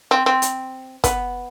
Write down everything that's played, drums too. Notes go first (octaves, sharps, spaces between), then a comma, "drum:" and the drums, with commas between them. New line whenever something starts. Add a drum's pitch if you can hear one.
C4
C4
drum: hi-hat
B3, drum: kick, hi-hat